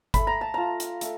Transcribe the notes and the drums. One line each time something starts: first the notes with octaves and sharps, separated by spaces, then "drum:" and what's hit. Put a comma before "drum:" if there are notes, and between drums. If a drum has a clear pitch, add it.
A3 B5, drum: kick G1, hi-hat
A#5
A5
F4 A#5
drum: hi-hat
A3, drum: hi-hat